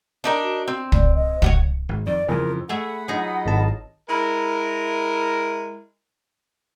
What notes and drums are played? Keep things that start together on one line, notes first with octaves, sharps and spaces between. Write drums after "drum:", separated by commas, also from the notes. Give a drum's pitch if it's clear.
D4 D#4 A#4
F#4
C4
D5, drum: kick
D#5
D4 F#4 C#5, drum: kick
G#1
F2 D#3 D5
F2 C#3 E3 A#4 C6
A3 G#4 E5 F#5 B5
F#3 D#4 F4 G#4 D#5
G#1 A5
G#3 E4 A#4